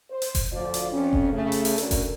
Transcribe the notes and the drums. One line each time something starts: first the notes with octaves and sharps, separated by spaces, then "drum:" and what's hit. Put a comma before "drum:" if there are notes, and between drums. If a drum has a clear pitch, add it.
C5
drum: hi-hat
drum: kick F1, open hi-hat
D2 F3 D5
drum: hi-hat
F2 C#4
drum: kick F1
C#3 A3
drum: hi-hat
drum: open hi-hat
D2 C#4 D4 A4 A#4, drum: hi-hat
drum: kick F1, open hi-hat